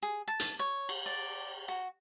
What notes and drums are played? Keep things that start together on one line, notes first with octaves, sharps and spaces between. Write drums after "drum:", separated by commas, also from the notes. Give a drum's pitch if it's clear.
G#4
A5
drum: hi-hat
C#5
drum: cymbal
D5
F#4